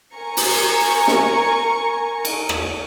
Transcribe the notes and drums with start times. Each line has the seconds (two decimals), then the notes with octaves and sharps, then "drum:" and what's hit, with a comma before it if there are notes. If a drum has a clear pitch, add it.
0.15 A#4 G#5 A#5 C#6 C#7
0.37 drum: open hi-hat
1.08 drum: snare
2.25 drum: cymbal
2.49 drum: rim click